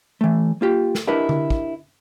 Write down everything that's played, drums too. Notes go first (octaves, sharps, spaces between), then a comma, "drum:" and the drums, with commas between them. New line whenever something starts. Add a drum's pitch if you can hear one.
E3 A3
A#3 F4 G4
drum: snare
D4 E4 G4 A#4 B4 D#5
drum: tom D3
drum: kick